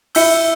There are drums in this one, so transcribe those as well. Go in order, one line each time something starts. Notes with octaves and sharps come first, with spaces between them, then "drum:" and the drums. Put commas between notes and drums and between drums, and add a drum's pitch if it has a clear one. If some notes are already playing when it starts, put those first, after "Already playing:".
E4 E5 E6 G6 C#7 G7, drum: open hi-hat